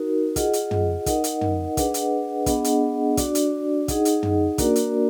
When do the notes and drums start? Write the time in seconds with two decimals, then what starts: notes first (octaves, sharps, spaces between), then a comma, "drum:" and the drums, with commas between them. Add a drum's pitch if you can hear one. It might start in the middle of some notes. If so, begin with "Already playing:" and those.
Already playing: D#4 F#4 A#4
0.36 F4 G#4 D#5 F#5, drum: kick, hi-hat
0.53 drum: hi-hat
0.71 drum: tom
1.06 D#4 A#4 D#5 F#5, drum: kick, hi-hat
1.24 drum: hi-hat
1.41 drum: tom
1.77 D4 G#4 B4 D#5 F#5, drum: kick, hi-hat
1.94 drum: hi-hat
2.46 B3 D4 G#4 D#5 F#5, drum: kick, hi-hat
2.64 drum: hi-hat
3.17 D4 F#4 D5, drum: kick, hi-hat
3.35 drum: hi-hat
3.88 D#4 G#4 D#5 F#5, drum: kick, hi-hat
4.05 drum: hi-hat
4.23 drum: tom
4.58 A#3 D4 F#4 A#4 D5, drum: kick, hi-hat
4.76 drum: hi-hat